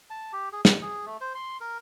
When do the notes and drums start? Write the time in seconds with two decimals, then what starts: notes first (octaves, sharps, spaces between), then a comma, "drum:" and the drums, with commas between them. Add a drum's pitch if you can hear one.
0.10 A5
0.33 G4
0.53 G#4
0.65 G3, drum: snare
0.82 G#4
1.06 A3
1.21 C5
1.35 C6
1.61 A#4